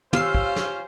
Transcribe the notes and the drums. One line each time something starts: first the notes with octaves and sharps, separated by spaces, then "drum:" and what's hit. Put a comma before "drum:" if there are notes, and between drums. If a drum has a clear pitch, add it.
C#4 F4 G4 C5 F5 E6 C7, drum: tom
drum: kick
drum: snare